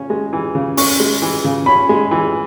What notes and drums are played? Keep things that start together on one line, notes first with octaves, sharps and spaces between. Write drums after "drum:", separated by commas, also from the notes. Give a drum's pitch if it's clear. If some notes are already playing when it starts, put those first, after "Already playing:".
Already playing: C#3 C#4
G#3
E3
C#3
C#4 C#6, drum: open hi-hat
G#3
E3
C#3
C#4 B5
G#3
E3